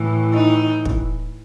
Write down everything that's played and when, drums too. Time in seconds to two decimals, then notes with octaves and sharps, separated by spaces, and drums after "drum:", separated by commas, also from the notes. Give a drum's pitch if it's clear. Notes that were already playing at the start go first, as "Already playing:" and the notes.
Already playing: A2 E3
0.33 D#4
0.85 drum: kick